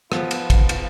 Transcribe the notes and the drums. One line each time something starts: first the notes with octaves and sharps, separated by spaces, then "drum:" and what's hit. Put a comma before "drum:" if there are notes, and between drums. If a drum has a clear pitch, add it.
F3 B3 F4, drum: rim click
drum: cymbal
drum: kick, cymbal
drum: cymbal